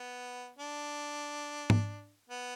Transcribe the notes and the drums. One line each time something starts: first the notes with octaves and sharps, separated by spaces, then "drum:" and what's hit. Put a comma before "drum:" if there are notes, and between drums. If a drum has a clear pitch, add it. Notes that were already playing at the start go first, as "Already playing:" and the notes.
Already playing: B3
D4
drum: tom G#2
B3